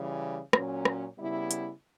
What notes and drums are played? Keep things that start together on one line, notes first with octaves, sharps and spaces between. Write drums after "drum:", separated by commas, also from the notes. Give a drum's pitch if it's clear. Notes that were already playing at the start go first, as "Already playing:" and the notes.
Already playing: C#3 E3 G3
A#2 F#3 C#4, drum: rim click
drum: rim click
C#3 G3 B3 E4
drum: hi-hat